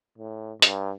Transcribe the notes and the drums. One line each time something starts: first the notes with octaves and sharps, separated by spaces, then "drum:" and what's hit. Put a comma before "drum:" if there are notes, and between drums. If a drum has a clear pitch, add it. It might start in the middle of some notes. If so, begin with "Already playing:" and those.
A2
G2, drum: hi-hat